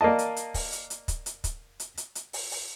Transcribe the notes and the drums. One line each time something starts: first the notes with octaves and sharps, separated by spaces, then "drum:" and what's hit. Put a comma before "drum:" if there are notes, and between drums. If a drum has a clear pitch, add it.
A#3 D5 D#5 A5
drum: hi-hat
drum: hi-hat
drum: kick, open hi-hat
drum: hi-hat
drum: hi-hat
drum: kick, hi-hat
drum: hi-hat
drum: kick, hi-hat
drum: hi-hat
drum: hi-hat
drum: hi-hat
drum: open hi-hat
drum: open hi-hat